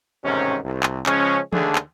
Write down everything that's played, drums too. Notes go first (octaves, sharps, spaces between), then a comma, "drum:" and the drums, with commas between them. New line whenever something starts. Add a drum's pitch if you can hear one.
A1 G#2 C3 D#3 C#4
C2
drum: clap
C#3 F3 G#3 C#4, drum: clap
D#2 D3 A3 D4 G#4 A4, drum: tom E3
drum: clap